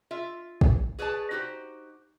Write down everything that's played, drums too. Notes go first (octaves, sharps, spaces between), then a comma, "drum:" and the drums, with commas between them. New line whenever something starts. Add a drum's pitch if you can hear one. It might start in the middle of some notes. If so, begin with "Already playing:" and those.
F4 E5
drum: kick
G#4 B4 C#5 D5 A5
D#4 F#4 G4 C5